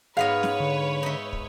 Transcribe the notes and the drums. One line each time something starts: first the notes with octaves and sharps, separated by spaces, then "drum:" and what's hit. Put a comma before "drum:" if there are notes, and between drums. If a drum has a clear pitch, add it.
G#2 B3 B4 C#5 D#5 F5
drum: snare
D3
D#4 E5
drum: kick